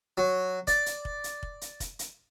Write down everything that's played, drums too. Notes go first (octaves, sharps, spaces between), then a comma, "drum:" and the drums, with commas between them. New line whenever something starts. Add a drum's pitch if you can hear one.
F#3
D5, drum: kick, hi-hat
drum: hi-hat
drum: kick
drum: hi-hat
drum: kick
drum: hi-hat
drum: kick, hi-hat
drum: hi-hat